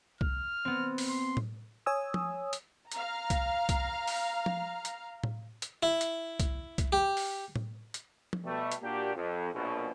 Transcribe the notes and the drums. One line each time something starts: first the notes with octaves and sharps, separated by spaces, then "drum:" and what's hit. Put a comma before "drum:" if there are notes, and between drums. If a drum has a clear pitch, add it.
F6, drum: kick C2
B3 C4
drum: open hi-hat
C6
drum: tom A2
C#5 G#5 D#6 E6
drum: tom F3
drum: hi-hat
F5 A#5, drum: hi-hat
drum: kick C2, hi-hat
drum: kick C2, hi-hat
drum: open hi-hat
drum: tom F3
drum: hi-hat
drum: tom A2
drum: hi-hat
E4
drum: hi-hat
drum: kick C2, hi-hat
drum: kick C2, hi-hat
G4
drum: open hi-hat
drum: tom A2
drum: hi-hat
drum: tom F3
B2 G3 A3
drum: hi-hat
A#2 A#3 D4 F#4 G4
F2
A#1 F#2 B2